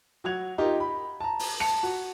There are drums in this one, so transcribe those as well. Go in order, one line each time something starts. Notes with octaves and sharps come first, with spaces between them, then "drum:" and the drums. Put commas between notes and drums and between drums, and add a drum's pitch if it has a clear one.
F#3 F#4 F#5 G#6 F7
D#4 F4 G4 A#4
B5
A5 A#5
drum: open hi-hat
A5 C#7 F7
F#4